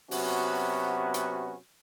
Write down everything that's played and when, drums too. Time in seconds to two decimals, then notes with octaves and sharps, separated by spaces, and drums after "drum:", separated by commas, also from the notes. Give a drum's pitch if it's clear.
0.11 C3 F#3 B3 C#4 F#4, drum: open hi-hat
1.14 drum: hi-hat